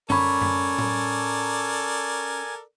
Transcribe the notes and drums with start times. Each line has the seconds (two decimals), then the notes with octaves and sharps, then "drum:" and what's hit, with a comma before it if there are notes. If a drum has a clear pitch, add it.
0.10 C#4 A4 A#4 D5 G#5 B5 C#6, drum: tom F#2
0.41 drum: tom F#2
0.79 drum: tom A2